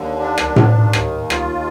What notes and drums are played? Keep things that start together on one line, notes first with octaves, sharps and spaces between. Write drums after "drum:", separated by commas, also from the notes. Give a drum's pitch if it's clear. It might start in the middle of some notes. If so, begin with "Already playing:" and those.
Already playing: D#2 D3
D4
drum: rim click
drum: tom A2
D#2 D#3
drum: rim click
F4, drum: rim click